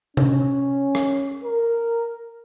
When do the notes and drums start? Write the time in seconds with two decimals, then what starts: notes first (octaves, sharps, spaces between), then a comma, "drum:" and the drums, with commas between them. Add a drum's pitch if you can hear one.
0.17 C#4, drum: tom C3
0.95 drum: rim click
1.44 A#4